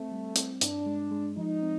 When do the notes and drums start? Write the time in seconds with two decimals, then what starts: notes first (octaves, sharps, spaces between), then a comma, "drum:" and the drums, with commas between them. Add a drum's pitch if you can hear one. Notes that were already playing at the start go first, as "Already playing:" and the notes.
Already playing: A3 C4
0.12 G3
0.36 C4, drum: hi-hat
0.61 G2 D4, drum: hi-hat
0.86 G#3
1.11 G#3
1.37 F3 D#4
1.62 C4